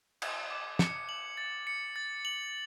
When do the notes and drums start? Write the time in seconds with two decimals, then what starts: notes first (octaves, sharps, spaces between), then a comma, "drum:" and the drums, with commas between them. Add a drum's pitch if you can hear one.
0.22 G#6, drum: cymbal
0.50 D6
0.79 C#7, drum: snare
1.09 F#7
1.37 A6
1.67 C#7
1.96 A6
2.25 F#7